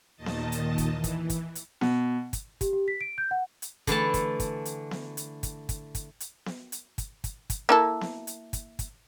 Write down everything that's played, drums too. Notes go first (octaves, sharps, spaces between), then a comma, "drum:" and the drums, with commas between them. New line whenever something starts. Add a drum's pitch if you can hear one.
D#2 A#2 D#3 D#5 A5
drum: snare B3
drum: hi-hat
drum: kick, hi-hat
E3
drum: kick, hi-hat
drum: kick, hi-hat
drum: hi-hat
B2, drum: snare B3
drum: kick, hi-hat
G4, drum: kick, hi-hat
G4
B6
D7
G6
F#5
drum: hi-hat
D3 E3 A3 A5, drum: kick, hi-hat
drum: kick, hi-hat
drum: kick, hi-hat
drum: hi-hat
drum: snare B3
drum: hi-hat
drum: kick, hi-hat
drum: kick, hi-hat
drum: kick, hi-hat
drum: hi-hat
drum: snare B3
drum: hi-hat
drum: kick, hi-hat
drum: kick, hi-hat
drum: kick, hi-hat
A#3 E4 A4
drum: snare B3
drum: hi-hat
drum: kick, hi-hat
drum: kick, hi-hat